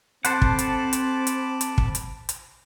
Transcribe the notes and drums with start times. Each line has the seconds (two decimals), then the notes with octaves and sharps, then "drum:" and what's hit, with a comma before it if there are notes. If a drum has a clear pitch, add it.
0.25 C4 A4 C5 F#5 A5 B5 D6, drum: hi-hat
0.42 drum: kick
0.59 drum: hi-hat
0.93 drum: hi-hat
1.27 drum: hi-hat
1.61 drum: hi-hat
1.78 drum: kick
1.95 drum: hi-hat
2.29 drum: hi-hat